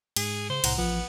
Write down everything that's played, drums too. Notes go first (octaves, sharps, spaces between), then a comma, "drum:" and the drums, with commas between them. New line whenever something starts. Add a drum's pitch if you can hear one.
G#2 G#4, drum: cymbal
C#3 C5
C2 A2 F#5 A#5, drum: cymbal
A1 F3 B3